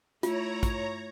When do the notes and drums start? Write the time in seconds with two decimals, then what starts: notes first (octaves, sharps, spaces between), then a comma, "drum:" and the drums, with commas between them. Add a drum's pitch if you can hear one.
0.23 A3 E4 F4 C#5 A#5, drum: hi-hat
0.63 drum: kick, hi-hat